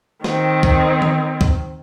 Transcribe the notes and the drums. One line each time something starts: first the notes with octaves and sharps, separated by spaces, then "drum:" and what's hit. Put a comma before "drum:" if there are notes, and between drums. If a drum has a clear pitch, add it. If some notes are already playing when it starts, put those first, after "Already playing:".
D#3 C4, drum: snare
drum: kick
drum: tom D#3
drum: kick